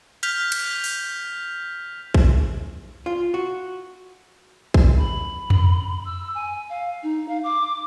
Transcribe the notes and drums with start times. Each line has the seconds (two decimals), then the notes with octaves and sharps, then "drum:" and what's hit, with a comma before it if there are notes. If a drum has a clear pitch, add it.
0.23 F6 G6 B6 F7, drum: hi-hat
0.52 drum: cymbal
0.84 drum: open hi-hat
2.14 drum: kick A#1
3.06 F4
3.34 F#4
4.74 drum: kick A#1
4.97 B5
5.50 drum: tom F2
6.05 E6
6.35 G#5
6.70 F5
7.03 D#4
7.28 F5
7.44 D6